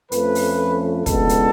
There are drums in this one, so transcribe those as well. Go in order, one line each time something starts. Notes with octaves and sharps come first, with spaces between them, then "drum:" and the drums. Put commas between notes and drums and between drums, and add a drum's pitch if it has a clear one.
F2 F3 A3 C#4 B4, drum: hi-hat
drum: open hi-hat
C#2 B2 G#3 B3 D4 A4, drum: kick, hi-hat
drum: hi-hat